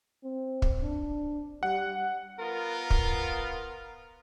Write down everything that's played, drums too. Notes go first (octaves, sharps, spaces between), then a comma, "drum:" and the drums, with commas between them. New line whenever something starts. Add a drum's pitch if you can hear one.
C4
drum: kick
D4
G3 F#5
B3 F4 A#4
drum: kick